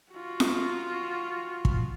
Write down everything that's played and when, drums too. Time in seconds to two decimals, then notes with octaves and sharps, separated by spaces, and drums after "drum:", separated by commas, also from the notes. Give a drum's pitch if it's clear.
0.12 F4 F#4
0.40 drum: snare F4
1.65 drum: kick